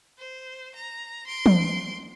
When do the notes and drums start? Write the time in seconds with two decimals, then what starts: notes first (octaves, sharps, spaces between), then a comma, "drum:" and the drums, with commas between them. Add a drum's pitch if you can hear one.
0.18 C5
0.76 A#5
1.27 C6 D7
1.46 drum: tom